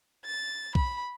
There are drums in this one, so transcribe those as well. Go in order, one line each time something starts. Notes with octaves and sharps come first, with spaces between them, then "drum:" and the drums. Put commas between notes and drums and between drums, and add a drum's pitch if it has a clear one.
A6
B5, drum: kick